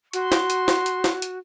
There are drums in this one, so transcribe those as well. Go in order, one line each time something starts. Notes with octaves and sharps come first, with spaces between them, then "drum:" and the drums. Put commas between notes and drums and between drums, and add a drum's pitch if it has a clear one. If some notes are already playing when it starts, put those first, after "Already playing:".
F#4 C6, drum: hi-hat
drum: snare
drum: hi-hat
drum: snare
drum: hi-hat
drum: snare
drum: hi-hat